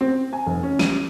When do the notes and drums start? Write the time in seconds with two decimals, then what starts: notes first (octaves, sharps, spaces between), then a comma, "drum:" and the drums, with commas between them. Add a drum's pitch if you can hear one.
0.01 C4
0.33 G#5
0.46 F1
0.63 C#4
0.79 D#7, drum: snare